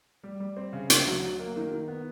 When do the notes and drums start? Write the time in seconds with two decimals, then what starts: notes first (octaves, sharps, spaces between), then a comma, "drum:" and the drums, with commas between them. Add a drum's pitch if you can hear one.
0.24 G3
0.40 G3
0.57 C4
0.73 C#3
0.90 D2, drum: hi-hat
1.06 F#3
1.22 F#3
1.39 A#3
1.56 D#3
1.71 D#3
1.88 B3